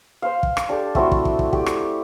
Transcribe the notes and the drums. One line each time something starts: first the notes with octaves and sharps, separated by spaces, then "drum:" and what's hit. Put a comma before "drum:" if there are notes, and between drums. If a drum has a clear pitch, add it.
C5 F5
drum: kick
drum: rim click
D4 G4 A4
A3 C4 E4 F#4, drum: kick
drum: kick
drum: kick
drum: kick
G4, drum: kick
drum: rim click